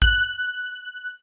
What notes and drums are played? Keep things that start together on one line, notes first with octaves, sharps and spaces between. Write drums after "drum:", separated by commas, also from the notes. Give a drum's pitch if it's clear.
F#6, drum: kick A1